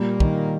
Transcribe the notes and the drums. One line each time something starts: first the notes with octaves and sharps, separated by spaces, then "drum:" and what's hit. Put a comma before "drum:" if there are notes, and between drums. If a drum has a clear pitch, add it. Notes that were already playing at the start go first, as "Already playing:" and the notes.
Already playing: A#2 G3 A#3
D#3, drum: kick